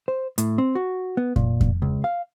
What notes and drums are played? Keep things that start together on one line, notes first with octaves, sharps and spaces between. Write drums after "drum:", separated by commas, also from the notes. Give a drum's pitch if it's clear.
C5
A2, drum: hi-hat
C4
F#4
B3
A#2, drum: kick F2
drum: kick F2
C#2
F5